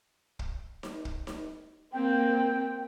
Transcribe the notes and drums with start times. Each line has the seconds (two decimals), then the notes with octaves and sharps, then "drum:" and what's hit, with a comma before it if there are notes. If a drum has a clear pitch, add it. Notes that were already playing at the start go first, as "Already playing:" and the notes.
0.39 drum: kick
0.83 drum: snare D#4
1.05 drum: kick
1.27 drum: snare D#4
1.93 A#3 C4 G5